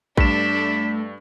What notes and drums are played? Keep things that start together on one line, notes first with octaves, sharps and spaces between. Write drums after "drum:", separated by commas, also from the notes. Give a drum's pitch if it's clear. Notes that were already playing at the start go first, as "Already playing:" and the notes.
G2 A3 D4 A4 B6 E7, drum: kick A#1